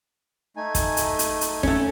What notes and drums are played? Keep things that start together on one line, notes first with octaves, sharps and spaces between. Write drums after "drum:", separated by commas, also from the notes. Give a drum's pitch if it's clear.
A3 D#4 G#5
drum: kick, hi-hat
drum: hi-hat
drum: hi-hat
drum: hi-hat
A3 C#4, drum: kick